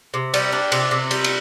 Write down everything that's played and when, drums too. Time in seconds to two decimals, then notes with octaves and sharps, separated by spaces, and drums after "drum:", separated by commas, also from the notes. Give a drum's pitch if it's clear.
0.14 C3
0.34 G3, drum: cymbal
0.53 D4
0.72 C3, drum: cymbal
0.91 C3
1.11 G3, drum: cymbal
1.24 drum: cymbal